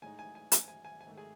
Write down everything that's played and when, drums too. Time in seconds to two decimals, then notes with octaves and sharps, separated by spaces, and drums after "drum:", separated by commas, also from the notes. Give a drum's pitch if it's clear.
0.02 A2 G#3 D#4 G#5
0.19 G#5
0.35 G#5
0.52 G#5, drum: hi-hat
0.68 G#5
0.85 G#5
1.01 G#5
1.06 G#2 D#3 A3
1.17 G#4 G#5